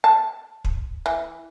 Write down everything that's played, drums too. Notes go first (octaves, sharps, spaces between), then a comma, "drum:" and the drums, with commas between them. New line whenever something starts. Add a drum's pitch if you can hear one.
A5
drum: kick
E3